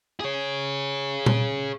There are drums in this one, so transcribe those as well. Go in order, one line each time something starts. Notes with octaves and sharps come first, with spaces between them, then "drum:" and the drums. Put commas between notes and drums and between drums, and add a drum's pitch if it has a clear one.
G#4 C#5
drum: tom A#2